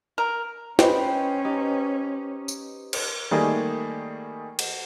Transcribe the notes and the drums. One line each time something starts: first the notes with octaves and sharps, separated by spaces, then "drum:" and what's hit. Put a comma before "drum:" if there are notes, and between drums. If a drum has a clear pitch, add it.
A#4
C#4 B4 C5 D#5 G5 B5, drum: snare
D#4 G4
drum: tambourine
drum: cymbal
D#3 G3 A3 A#3 G#4 D#5
drum: cymbal